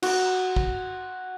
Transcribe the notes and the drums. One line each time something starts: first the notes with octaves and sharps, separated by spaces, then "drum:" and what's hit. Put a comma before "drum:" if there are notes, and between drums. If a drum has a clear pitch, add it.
F#4, drum: cymbal
drum: kick